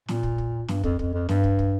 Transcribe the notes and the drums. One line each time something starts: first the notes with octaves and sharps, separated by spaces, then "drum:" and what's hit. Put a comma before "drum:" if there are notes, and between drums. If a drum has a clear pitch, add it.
A#2, drum: snare
drum: kick
drum: kick
G2, drum: snare
F2, drum: kick
F2, drum: kick
F2
G2, drum: snare
drum: kick
drum: kick